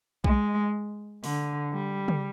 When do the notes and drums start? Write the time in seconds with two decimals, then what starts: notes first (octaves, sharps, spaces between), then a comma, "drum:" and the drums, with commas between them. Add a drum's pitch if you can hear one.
0.24 G#3, drum: kick B1
1.24 D3, drum: open hi-hat
1.73 G3
2.08 drum: tom C#3